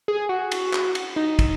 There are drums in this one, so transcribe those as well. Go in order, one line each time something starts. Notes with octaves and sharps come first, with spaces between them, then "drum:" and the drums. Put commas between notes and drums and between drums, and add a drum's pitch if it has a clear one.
G#4
F#4
drum: cymbal
drum: clap
drum: cymbal
D#4
drum: kick, cymbal